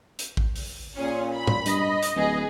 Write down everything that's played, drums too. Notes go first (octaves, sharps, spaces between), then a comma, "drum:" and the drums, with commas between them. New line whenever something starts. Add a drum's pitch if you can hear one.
drum: hi-hat
drum: kick A1
drum: open hi-hat
A#2 C#4 G#4
B5
drum: tom
G2 D#5, drum: hi-hat
drum: hi-hat
D1 G#4 B4